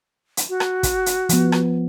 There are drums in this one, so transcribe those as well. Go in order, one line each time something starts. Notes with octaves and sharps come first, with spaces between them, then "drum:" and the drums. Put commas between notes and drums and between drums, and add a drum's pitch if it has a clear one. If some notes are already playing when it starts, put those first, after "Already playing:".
drum: hi-hat
F#4
drum: rim click
drum: kick, hi-hat
drum: hi-hat
F3 B3, drum: hi-hat
drum: rim click